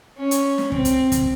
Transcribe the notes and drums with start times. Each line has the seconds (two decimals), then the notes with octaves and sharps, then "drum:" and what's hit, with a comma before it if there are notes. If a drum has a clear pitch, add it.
0.17 C#4
0.31 drum: hi-hat
0.58 drum: snare
0.72 C4, drum: kick
0.85 drum: hi-hat
1.12 drum: kick, hi-hat